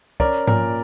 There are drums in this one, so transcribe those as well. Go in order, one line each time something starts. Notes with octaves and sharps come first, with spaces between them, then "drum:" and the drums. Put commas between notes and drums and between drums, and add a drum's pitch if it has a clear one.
C#4 A#4 D5, drum: kick
A#2 A#4, drum: tom G#2